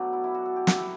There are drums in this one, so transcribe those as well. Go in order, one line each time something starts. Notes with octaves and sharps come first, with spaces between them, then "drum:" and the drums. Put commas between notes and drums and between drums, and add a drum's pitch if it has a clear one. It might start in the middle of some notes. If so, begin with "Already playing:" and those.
Already playing: B2 F#3 A3 D4
E4
E4
F#4
A4
G4
F#4, drum: snare
E4